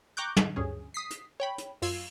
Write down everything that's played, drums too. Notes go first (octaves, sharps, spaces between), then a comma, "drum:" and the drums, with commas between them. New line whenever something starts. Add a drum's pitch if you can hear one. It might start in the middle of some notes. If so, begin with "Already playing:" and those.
G5 A#5 C#6 D6 F#6 G6
G#3, drum: tom
D2 G2 C#4 G#4
D#6 B6 C7
drum: hi-hat
C#5 G5 B5
drum: hi-hat
F#2 F4 E6 G#6 C7, drum: open hi-hat